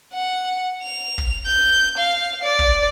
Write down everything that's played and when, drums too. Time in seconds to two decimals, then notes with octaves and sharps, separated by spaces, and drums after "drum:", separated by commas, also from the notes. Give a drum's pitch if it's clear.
0.14 F#5
0.83 F7
1.18 drum: kick
1.46 G6
1.97 F5
2.44 D5
2.59 drum: kick